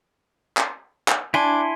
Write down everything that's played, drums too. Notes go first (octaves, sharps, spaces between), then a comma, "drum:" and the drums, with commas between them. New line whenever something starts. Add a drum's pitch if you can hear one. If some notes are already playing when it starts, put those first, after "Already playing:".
drum: clap
drum: clap
D4 E4 G#5 C6